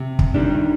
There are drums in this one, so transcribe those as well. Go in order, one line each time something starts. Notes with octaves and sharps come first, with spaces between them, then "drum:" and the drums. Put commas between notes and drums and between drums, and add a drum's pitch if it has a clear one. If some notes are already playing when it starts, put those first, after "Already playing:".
Already playing: C3
drum: kick
D#3 G3 D4